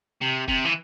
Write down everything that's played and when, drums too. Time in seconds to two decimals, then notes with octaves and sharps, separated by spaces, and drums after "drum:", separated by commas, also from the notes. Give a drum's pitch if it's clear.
0.22 C3
0.48 C3, drum: kick
0.65 E3